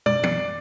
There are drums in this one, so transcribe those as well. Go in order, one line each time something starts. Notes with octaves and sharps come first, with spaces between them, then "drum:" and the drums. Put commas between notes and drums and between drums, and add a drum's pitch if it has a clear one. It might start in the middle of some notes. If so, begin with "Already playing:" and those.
D5, drum: tom
drum: tom